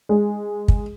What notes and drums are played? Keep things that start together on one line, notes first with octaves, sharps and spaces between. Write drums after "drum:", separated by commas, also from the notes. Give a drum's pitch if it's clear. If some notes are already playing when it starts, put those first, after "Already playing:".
G#3
drum: kick